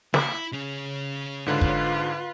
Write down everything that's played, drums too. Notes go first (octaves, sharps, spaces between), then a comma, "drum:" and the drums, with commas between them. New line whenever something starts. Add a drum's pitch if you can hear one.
E4, drum: snare
C#3 C#4
G#2 D3 F4 B4
drum: kick